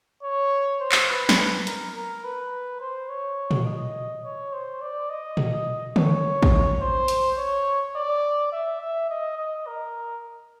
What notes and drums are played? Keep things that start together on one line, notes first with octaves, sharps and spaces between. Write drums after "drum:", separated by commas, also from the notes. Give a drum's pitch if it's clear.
C#5
C5
drum: clap
B4
drum: snare
A#4, drum: hi-hat
A#4
B4
C5
C#5
drum: tom A#2
D#5
C#5
C5
D5
D#5
drum: tom A#2
C#5, drum: tom D3
drum: kick A1
C5
drum: hi-hat
C#5
D5
E5
E5
D#5
D#5
A#4